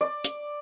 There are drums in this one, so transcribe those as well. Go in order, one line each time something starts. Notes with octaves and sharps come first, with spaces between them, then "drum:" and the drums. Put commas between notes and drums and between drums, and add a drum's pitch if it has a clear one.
D5
drum: hi-hat